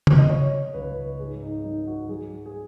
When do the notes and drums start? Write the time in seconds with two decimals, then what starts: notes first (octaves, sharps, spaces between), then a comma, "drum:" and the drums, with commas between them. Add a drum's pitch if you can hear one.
0.07 drum: tom
0.18 D#5
0.30 F#3 C#5
0.74 C#2 B4
1.19 G#2 G#4
1.42 D#4
1.64 F#3 D#4
1.87 F#4
2.09 F#3 G#4
2.46 G#4